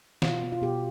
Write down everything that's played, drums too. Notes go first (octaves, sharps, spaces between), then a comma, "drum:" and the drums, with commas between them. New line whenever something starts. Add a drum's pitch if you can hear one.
B2 F4, drum: snare
B3
F4
B2 G4